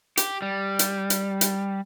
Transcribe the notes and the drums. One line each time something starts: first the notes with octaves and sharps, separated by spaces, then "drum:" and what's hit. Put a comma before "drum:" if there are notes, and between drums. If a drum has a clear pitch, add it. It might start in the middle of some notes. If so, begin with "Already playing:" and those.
G4, drum: hi-hat
G3
drum: hi-hat
drum: hi-hat
drum: hi-hat